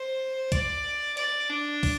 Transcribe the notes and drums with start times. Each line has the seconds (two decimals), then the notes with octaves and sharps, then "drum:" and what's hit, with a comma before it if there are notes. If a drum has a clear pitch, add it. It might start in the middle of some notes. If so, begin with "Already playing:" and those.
Already playing: C5
0.52 D5, drum: kick, hi-hat
1.17 D5, drum: hi-hat
1.50 D4
1.83 drum: kick, open hi-hat